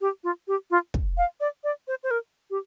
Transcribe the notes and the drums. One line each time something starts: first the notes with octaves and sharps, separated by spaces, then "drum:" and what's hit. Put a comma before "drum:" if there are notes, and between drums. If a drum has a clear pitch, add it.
G4
F4
G4
F4
drum: kick
F5
D5
D5
C5
C5
A#4
G4